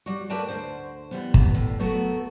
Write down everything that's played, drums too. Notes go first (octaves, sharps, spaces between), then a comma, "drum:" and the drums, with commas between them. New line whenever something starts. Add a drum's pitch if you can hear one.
G3 F#4
A3 A#4 B4 D5 G5 A5
D2 F#4 C5
E3 G3 B3
drum: kick
A2
F#3 A3 B3 F#4 A4 A#4